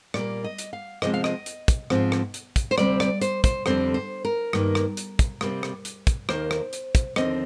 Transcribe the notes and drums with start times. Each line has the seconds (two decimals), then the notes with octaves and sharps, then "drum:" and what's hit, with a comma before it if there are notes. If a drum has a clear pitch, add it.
0.14 A#2 G3 A#3 D5, drum: rim click
0.44 D#5
0.58 drum: hi-hat
0.73 F5
1.02 C3 F3 G#3 C4 D#5, drum: rim click
1.14 F5
1.24 D#5, drum: rim click
1.46 drum: hi-hat
1.68 drum: kick, hi-hat
1.90 G#2 F3 C4, drum: rim click
2.12 drum: rim click
2.34 drum: hi-hat
2.56 drum: kick, hi-hat
2.71 C5
2.78 D2 C3 G3 C4 D5, drum: rim click
3.00 D5, drum: rim click
3.21 C5, drum: hi-hat
3.44 C5, drum: kick, hi-hat
3.66 F2 D3 G3 C4 C5, drum: rim click
3.94 C5
4.25 A#4
4.53 G2 D#3 A#3, drum: rim click
4.75 drum: rim click
4.97 drum: hi-hat
5.19 drum: kick, hi-hat
5.41 C3 G3 A#3, drum: rim click
5.63 drum: rim click
5.85 drum: hi-hat
6.07 drum: kick, hi-hat
6.29 D#2 D#3 A#3 C5, drum: rim click
6.51 drum: rim click
6.73 drum: hi-hat
6.95 drum: kick, hi-hat
7.16 D#2 D3 F3 C4 D#5, drum: rim click